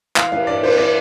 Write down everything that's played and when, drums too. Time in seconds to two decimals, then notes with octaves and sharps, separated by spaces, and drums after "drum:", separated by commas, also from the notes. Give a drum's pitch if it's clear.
0.16 E3 F5, drum: clap
0.32 E3 F5, drum: cymbal
0.47 G2 D5
0.63 G2 C5, drum: cymbal
0.78 E3 D5